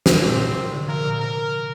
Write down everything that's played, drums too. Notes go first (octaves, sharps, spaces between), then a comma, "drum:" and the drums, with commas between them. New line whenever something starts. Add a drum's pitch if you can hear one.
drum: snare
A#2 C4
C3
D3
F3 A#4
A#2
C3 A#4